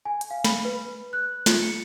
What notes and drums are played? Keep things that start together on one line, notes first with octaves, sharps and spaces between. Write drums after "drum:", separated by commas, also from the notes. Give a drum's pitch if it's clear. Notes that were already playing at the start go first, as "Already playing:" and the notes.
G#5
drum: hi-hat
F5
B5, drum: snare
B4
F#6
F4, drum: snare
C#7